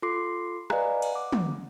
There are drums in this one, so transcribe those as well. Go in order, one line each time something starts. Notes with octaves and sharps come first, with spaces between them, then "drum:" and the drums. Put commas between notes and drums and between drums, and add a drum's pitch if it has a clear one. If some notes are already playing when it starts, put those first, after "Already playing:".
F4 A4 C6 D6 C7
B4 D5 D#5 F5 G#5 A#5, drum: rim click
drum: cymbal
F#5 D6
drum: tom